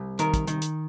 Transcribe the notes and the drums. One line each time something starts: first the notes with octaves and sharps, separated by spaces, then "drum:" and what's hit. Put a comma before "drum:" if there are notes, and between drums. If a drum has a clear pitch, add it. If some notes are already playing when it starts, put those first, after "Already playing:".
Already playing: C2
D#3 A#4, drum: hi-hat
drum: kick, hi-hat
D#3, drum: hi-hat
drum: hi-hat